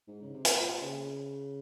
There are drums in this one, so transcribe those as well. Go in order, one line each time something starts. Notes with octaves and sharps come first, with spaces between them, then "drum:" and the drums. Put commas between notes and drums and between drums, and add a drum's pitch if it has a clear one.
G#2
C#3
C3
A#2, drum: hi-hat
C#3